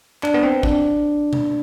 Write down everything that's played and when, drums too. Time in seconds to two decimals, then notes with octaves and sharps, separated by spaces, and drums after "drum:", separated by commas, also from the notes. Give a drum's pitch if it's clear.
0.23 D4, drum: clap
0.34 B3
0.43 C4
0.63 D4, drum: kick
1.33 drum: tom B2